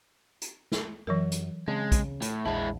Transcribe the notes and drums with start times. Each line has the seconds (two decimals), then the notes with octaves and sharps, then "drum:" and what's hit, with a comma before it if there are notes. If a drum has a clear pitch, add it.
0.42 drum: hi-hat
0.72 drum: snare
1.07 F#2 E3 F#3 A#4
1.32 drum: hi-hat
1.68 C#3 G#3 C4
1.92 drum: kick, hi-hat
2.22 A2, drum: hi-hat
2.46 A#1 E2 G#3 E4 A5 B5